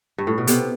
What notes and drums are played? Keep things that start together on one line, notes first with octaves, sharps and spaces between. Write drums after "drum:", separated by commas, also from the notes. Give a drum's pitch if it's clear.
G2
A2
B2
C3 B3, drum: hi-hat